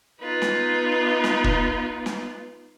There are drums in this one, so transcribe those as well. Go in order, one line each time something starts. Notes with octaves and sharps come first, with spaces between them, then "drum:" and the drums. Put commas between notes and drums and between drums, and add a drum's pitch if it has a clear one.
B3 D#4 F4 B4
drum: snare
drum: snare
drum: kick
drum: snare